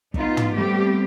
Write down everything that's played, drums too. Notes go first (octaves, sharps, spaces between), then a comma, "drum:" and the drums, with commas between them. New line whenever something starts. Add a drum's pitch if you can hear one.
B3 D#4 F4, drum: kick
drum: tom
G3 A3 B3 C4 G4